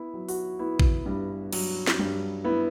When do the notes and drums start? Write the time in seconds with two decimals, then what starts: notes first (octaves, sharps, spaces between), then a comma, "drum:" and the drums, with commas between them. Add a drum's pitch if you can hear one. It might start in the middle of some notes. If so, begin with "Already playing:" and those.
Already playing: B3 E4
0.14 F#3
0.29 F#4, drum: open hi-hat
0.59 B3 E4
0.80 drum: kick A1
1.06 G2
1.53 F#3, drum: cymbal
1.87 drum: snare
1.99 G2, drum: tom G3
2.44 B3 E4